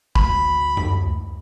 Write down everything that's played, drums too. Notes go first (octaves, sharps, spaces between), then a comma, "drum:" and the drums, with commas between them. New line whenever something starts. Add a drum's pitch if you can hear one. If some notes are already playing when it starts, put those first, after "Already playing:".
D2 B5, drum: kick
drum: tom F#2